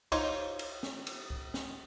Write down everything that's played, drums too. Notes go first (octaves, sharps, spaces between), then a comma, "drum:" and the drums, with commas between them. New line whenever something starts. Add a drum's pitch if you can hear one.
D#4 F4 C5 C#5, drum: kick C#2, cymbal
drum: cymbal
drum: snare
drum: cymbal
drum: kick C#2
drum: snare